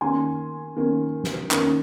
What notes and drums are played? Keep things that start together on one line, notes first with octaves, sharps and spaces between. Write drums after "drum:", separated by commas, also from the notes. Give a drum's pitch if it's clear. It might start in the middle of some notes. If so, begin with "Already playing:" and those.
D#3 A#3 C#4 G#5 C6
D#3 A#3 C#4
drum: snare
D#3 A#3 C#4, drum: clap